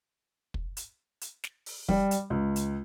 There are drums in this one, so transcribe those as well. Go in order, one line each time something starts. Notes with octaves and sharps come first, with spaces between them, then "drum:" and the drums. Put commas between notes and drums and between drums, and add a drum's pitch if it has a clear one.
drum: kick
drum: hi-hat
drum: hi-hat
drum: snare
drum: open hi-hat
G3, drum: kick
drum: hi-hat
C#2
drum: hi-hat